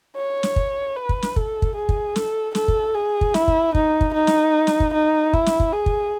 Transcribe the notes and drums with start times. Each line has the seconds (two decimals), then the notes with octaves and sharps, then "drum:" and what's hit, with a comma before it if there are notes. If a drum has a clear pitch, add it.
0.16 C#5
0.43 drum: snare
0.56 drum: kick
0.96 B4
1.09 drum: kick
1.22 drum: snare
1.36 A4, drum: kick
1.62 drum: kick
1.75 G#4
1.89 drum: kick
2.16 A4, drum: snare
2.55 A4, drum: snare
2.68 drum: kick
2.95 G#4
3.21 drum: kick
3.34 E4, drum: snare
3.48 drum: kick
3.75 D#4, drum: kick
4.01 drum: kick
4.14 D#4
4.27 drum: snare
4.67 drum: snare
4.80 drum: kick
4.94 D#4
5.33 E4, drum: kick
5.46 drum: snare
5.60 drum: kick
5.73 G#4
5.86 drum: kick